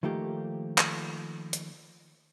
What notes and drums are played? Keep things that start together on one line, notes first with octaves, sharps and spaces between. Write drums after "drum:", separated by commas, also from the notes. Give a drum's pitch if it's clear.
D#3 F3 A3 A#3 G4
drum: clap
drum: hi-hat